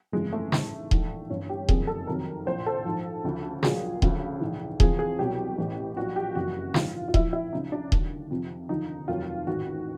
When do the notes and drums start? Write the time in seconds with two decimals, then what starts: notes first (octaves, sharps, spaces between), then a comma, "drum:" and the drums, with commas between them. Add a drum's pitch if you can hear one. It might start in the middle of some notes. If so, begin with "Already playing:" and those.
0.12 G1 F2 C#3 E3 G#3
0.33 A3
0.52 A1 G#2 E3, drum: snare
0.91 A#1 G#2 E3, drum: kick D#1
1.30 G1 G2 E3 C#4
1.49 G4
1.69 F#1 F2 C3 D#3 G#4, drum: kick D#1
1.87 A4
2.07 F2 C3 D#3 F#3 A#4
2.46 A#1 A2 F3 C5
2.66 A4
2.85 A#1 G#2 F3
3.24 D2 C#3 F3
3.63 A#1 A#2 F#3 G#4, drum: snare
4.02 D2 C#3 F3, drum: kick D#1
4.41 A#1 G#2 E3
4.80 E2 C3 F3 G#4, drum: kick D#1
4.99 G#4
5.19 C2 B2 F#3 G4
5.58 A1 A2 E3
5.97 A#1 A#2 F#3 F#4
6.16 G4
6.35 F#1 F2 C#3 E3 F#4
6.74 A#1 G#2 E3 F4, drum: snare
7.08 F4
7.14 A#1 A2 F3 E4, drum: kick D#1
7.33 E4
7.53 C#2 C#3 F3 D#4
7.72 D4
7.92 D#2 D3 F#3, drum: kick D#1
8.30 F2 C3 F3
8.69 D#2 D3 F3 D#4
9.08 F1 D#2 D#3 F#3 F4
9.47 A1 G#2 D#3 F#4